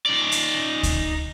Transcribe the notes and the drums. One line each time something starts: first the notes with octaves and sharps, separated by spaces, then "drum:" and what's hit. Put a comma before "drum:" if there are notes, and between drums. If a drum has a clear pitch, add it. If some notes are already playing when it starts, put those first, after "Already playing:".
D#4 D5
drum: hi-hat
drum: kick D2, hi-hat